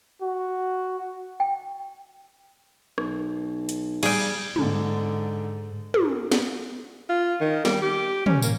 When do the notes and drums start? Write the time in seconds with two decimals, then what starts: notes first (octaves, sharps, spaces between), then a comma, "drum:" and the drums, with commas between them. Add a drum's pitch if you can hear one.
0.22 F#4
1.40 G5
2.98 B1, drum: rim click
3.69 drum: hi-hat
4.03 G3 G#4 G5, drum: cymbal
4.56 G#2 D3, drum: tom
5.94 drum: tom
6.32 drum: snare
7.09 F4
7.41 D#3
7.65 G3, drum: snare
7.82 G4
8.26 C#4, drum: tom
8.42 A#3, drum: tambourine